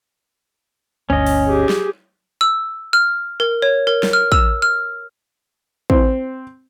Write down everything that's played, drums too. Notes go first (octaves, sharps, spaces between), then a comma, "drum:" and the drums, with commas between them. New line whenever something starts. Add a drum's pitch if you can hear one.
G1 D2 C#4 D#5
drum: open hi-hat
G4 G#4
drum: snare
E6
F6
A#4
C#5
A#4
drum: snare
F6
E6, drum: kick
F6
C4, drum: kick